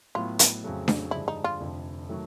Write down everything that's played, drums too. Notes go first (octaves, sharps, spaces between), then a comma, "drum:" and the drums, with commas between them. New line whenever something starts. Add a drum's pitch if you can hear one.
A2 F#3 B3 F4
drum: hi-hat
F2 C#3 F#3 A3
drum: snare D4
G2 D3 F3 G#3 E4
D#4
F4
F1 F2 D3
D#3 F#3 A3